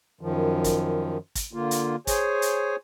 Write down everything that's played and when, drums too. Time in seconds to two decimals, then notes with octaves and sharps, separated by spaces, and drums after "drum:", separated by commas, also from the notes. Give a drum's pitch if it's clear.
0.21 F#2 D#3 F3
0.64 drum: kick, hi-hat
1.35 drum: kick, hi-hat
1.53 D3 A#3 F4
1.71 drum: hi-hat
2.07 G#4 C5 C#5 G#5, drum: kick, hi-hat
2.42 drum: hi-hat